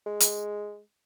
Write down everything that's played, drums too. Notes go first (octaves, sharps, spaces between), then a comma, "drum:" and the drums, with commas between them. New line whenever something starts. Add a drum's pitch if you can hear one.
G#3
drum: hi-hat